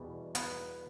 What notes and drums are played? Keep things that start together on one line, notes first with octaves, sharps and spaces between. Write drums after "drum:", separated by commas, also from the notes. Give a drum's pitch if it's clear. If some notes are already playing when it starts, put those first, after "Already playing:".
Already playing: E2 B2 G3
B3, drum: hi-hat